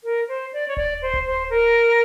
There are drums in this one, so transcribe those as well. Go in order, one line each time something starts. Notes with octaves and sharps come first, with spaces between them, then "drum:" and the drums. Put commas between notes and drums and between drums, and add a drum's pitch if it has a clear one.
A#4
C5
D5
C#5
D5, drum: kick D1
C5
drum: kick D1
C5
A#4